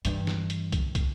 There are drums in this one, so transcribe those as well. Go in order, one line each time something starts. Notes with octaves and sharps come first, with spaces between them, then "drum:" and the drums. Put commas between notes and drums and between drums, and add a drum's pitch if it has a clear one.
G2 E3, drum: hi-hat
drum: snare
drum: hi-hat
drum: kick, hi-hat
drum: kick, hi-hat